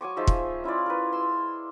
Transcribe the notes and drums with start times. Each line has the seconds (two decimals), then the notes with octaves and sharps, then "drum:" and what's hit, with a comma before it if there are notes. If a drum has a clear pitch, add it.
0.01 F#3 G#5 C#6 D6
0.17 F3 D#4 G#4 E5
0.27 drum: kick
0.64 C#4 E4 F4 D5
0.86 A#4 B4
1.13 C6 E6